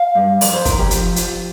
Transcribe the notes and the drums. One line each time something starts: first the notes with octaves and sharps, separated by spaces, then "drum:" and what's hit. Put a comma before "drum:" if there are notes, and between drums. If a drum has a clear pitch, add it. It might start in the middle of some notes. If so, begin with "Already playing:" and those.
Already playing: F5
G2
F2 D5, drum: open hi-hat
C5
F2 A#4, drum: kick, hi-hat
G4
F3, drum: hi-hat
F3, drum: hi-hat